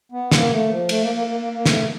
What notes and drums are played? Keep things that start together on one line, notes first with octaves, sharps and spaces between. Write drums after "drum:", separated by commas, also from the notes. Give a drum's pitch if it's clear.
B3
A#3, drum: snare
A3
F3
A3, drum: cymbal
A#3
A#3
A#3
A#3
A#3
A3, drum: snare